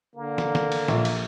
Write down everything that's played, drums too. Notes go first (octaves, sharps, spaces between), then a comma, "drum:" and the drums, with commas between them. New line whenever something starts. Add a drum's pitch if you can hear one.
D3 A#3
drum: snare
drum: snare
drum: cymbal
A#1, drum: snare
drum: cymbal